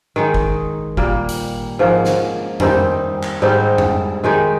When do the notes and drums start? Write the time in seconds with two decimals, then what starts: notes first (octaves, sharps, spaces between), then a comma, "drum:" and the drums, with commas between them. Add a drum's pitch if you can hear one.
0.16 D#3 G#3 D#4
0.34 drum: kick
0.97 A#2 G3 A#3, drum: kick
1.29 drum: hi-hat
1.79 G#2 F3 A#3 C#4
2.05 drum: snare
2.60 D#3 G3 C4 D#4, drum: tom F2
3.23 drum: clap
3.42 G#2 G3 C4 D#4
3.78 drum: tom F2
4.24 D#3 G#3 D#4 G4